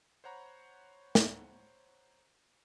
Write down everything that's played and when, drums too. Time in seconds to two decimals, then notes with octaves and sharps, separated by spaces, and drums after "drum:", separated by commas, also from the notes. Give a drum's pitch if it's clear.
0.24 C5 C#5 F#5 A#5 B5 C#6
1.15 drum: snare